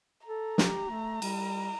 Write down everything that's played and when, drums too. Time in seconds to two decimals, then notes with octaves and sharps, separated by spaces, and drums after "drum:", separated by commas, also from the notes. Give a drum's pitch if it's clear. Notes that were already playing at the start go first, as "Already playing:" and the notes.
0.27 A4 A#5
0.58 G4, drum: snare
0.90 A3
1.22 G3, drum: cymbal